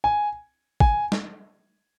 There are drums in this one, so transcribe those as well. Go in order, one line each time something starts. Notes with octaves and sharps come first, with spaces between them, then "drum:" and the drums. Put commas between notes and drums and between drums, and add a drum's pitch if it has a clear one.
G#5
G#5, drum: kick G#1
drum: snare